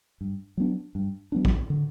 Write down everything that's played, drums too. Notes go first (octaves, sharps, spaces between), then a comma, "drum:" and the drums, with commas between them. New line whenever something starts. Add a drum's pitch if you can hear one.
G2
F#3 B3 D4
G2
F#3 B3 D4
drum: kick
D3